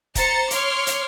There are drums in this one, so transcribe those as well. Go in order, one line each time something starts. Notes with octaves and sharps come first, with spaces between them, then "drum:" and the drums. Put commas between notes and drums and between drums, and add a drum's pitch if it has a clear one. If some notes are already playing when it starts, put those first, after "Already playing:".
C5 A#5 A6 C#7, drum: kick D#1, hi-hat
C#5 C6 D6 F6, drum: hi-hat
drum: hi-hat